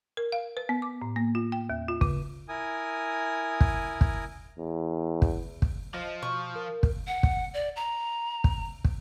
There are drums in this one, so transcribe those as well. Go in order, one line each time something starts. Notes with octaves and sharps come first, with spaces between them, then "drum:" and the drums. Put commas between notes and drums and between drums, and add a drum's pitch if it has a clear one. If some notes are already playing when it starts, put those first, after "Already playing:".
A#4
F5
B4
B3
D6
A2
A#3
F4
G5
D#2
F4
C#3, drum: kick
E4 A#4 G#5 D#6
drum: kick
drum: kick
E2
drum: kick
drum: kick
F3 D#5
B2 C#6
A#4
drum: kick
F#5
drum: kick
D5
A#5
drum: kick
drum: kick